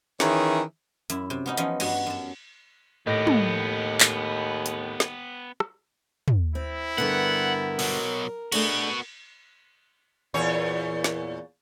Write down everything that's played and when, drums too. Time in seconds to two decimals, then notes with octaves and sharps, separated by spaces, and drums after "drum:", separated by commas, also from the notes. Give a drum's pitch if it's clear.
0.20 D#3 E3 C#4 G#4 C#5 E5, drum: snare
1.10 F#2 E4, drum: hi-hat
1.30 C3
1.46 B3 C#4 D#4
1.57 E3 F3 C#4 D#4 D#5, drum: hi-hat
1.80 G2 F#4 C#5 D#5, drum: cymbal
2.06 F#2 A5
3.07 D#2 A2 B3 G4 D#5 A#6
3.27 drum: tom
4.00 drum: clap
4.66 drum: hi-hat
5.00 drum: snare
5.60 drum: rim click
6.28 drum: tom
6.55 C4 E4
6.98 G2 D3 B3 A#4 F#5
7.79 B2 F#3, drum: open hi-hat
8.52 A3 B3 D4 F#4 G#4, drum: cymbal
10.34 E2 A#2 C#5
11.04 drum: snare